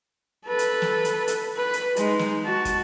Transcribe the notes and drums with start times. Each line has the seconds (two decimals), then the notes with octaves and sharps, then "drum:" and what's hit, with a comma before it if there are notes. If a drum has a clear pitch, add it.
0.46 A4 B4
0.59 drum: hi-hat
0.82 drum: snare
1.05 drum: hi-hat
1.28 drum: hi-hat
1.57 B4
1.73 drum: hi-hat
1.96 G#3 D#4, drum: hi-hat
2.19 drum: snare
2.44 F#4 A5
2.65 drum: kick, hi-hat